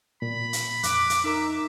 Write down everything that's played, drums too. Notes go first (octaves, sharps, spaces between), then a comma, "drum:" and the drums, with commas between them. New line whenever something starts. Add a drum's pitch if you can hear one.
A#2 B5
drum: hi-hat
F2 D6 F#6, drum: hi-hat
drum: hi-hat
D#4 A#4 E5 A#5